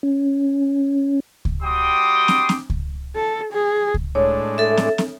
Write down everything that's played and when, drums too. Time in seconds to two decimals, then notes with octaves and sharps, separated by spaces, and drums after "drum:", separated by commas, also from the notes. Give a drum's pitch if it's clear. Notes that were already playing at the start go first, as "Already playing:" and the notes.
0.03 C#4
1.45 drum: kick C#2
1.62 G3 F#4 G5 C6 D6 D#6
2.28 drum: snare
2.49 drum: snare
2.70 drum: kick C#2
3.16 A4
3.52 G#4
3.94 drum: kick C#2
4.15 A2 G#3 D4 C#5
4.58 A4 E5
4.77 drum: snare
4.98 drum: snare